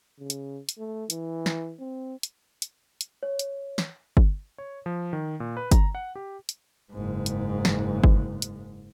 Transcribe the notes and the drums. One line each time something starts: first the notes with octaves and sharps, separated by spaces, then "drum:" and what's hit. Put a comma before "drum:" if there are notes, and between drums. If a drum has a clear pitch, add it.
C#3
drum: hi-hat
drum: hi-hat
A3
E3, drum: hi-hat
drum: snare
C4
drum: hi-hat
drum: hi-hat
drum: hi-hat
C#5
drum: hi-hat
drum: snare
drum: kick G1
C#5
F3
D#3
A#2
B4
A#5, drum: kick G1, hi-hat
F#5
G4
drum: hi-hat
F#1 G#2
drum: hi-hat
drum: snare
drum: kick G1
drum: hi-hat